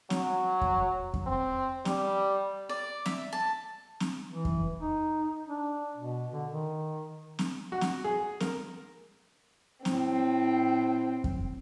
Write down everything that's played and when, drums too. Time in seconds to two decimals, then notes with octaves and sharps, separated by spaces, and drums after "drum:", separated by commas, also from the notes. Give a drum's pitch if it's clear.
0.10 F#3, drum: snare C4
0.61 drum: kick F2
1.14 drum: kick F2
1.26 C4
1.85 G3, drum: snare C4
2.69 D5
3.06 E5, drum: snare C4
3.33 A5
4.00 drum: snare C4
4.29 E3
4.45 drum: kick F2
4.80 D#4
5.47 D4
5.97 B2
6.33 D3
6.52 D#3
7.39 drum: snare C4
7.72 F#4
7.81 drum: snare C4
8.04 G#4
8.40 A#4, drum: snare C4
9.85 A2 C4, drum: snare C4
11.24 drum: kick F2